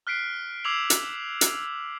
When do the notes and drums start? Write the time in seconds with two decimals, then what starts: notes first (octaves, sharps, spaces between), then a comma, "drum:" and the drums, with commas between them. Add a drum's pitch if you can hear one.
0.07 F6 F#6 B6 C7 D7
0.64 D6 E6 G#6 C7 F7 F#7
0.90 drum: hi-hat
1.41 drum: hi-hat